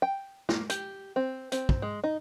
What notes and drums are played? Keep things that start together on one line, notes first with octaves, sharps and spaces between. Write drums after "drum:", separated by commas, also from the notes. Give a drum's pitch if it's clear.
G5
A#3, drum: snare
G4, drum: hi-hat
C4
C4, drum: hi-hat
drum: kick
G#3
D#4